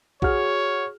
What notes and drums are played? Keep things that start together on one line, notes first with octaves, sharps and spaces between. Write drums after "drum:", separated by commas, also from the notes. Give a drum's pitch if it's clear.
F#4 G#4 C#5 F6, drum: kick A#1